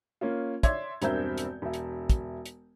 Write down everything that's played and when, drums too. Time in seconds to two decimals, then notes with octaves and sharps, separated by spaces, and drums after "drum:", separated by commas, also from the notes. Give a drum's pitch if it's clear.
0.21 A#3 C#4 F4
0.63 C#5 D5 E5 C6 G#6, drum: kick, hi-hat
1.02 E1 G2 C4 A#4 E5 G6, drum: hi-hat
1.38 drum: hi-hat
1.62 E1 E5
1.74 drum: hi-hat
2.10 drum: kick, hi-hat
2.46 drum: hi-hat